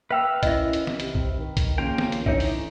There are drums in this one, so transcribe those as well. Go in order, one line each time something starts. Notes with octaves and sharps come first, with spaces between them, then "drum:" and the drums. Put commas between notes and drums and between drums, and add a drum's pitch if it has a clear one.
B4 E5 F5 G5 E6
D#3 C#4 E4 D#5 E5, drum: kick B1, hi-hat
drum: hi-hat
drum: snare
C3, drum: hi-hat
drum: kick B1
D#3
drum: kick B1, hi-hat
C#3 F3 A#3 C#4 F4 G5
drum: snare
drum: hi-hat
D3 E3 C#4 D#4 C#5 E5, drum: kick B1
drum: open hi-hat